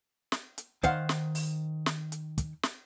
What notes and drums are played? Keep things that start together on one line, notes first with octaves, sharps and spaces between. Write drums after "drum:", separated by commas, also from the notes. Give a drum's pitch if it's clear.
drum: snare
drum: hi-hat
D#3 C5 F5 F#5, drum: kick, hi-hat
drum: snare
drum: open hi-hat
drum: snare
drum: hi-hat
drum: kick, hi-hat
drum: snare